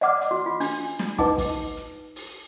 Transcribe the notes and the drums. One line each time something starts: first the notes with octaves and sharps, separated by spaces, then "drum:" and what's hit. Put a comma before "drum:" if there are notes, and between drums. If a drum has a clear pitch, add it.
D5 D#5 F#5 D6 F6
drum: hi-hat
F#4
F4
D4, drum: open hi-hat
drum: snare
D#4 B4 D#5 F#5 D6, drum: kick
drum: kick, open hi-hat
drum: hi-hat
drum: open hi-hat